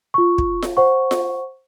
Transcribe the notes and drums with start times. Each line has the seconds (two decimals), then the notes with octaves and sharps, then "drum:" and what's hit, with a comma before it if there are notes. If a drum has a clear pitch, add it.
0.14 F4 C#6
0.38 drum: kick
0.62 drum: snare F4
0.77 C5 F#5 C#6
1.11 drum: snare F4